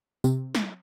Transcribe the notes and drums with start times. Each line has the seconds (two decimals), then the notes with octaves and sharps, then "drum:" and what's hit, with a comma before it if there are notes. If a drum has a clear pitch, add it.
0.24 C3, drum: tambourine
0.55 drum: snare